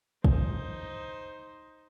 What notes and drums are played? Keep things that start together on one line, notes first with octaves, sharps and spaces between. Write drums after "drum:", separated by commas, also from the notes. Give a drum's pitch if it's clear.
D#4 C5, drum: kick